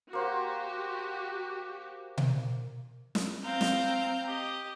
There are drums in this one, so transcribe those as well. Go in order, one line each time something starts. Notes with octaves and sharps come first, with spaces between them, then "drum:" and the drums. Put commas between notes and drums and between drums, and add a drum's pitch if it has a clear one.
A#3 F#4 G4 C5 F#5
drum: tom B2
drum: snare
C4 F5 A#5 G6
drum: snare
G4 D#5